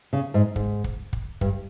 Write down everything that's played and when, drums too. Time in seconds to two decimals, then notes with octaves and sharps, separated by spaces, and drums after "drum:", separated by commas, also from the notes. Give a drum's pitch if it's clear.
0.13 C#3
0.34 G#2
0.56 G#2, drum: kick
0.84 drum: kick
1.13 drum: kick
1.41 G2, drum: kick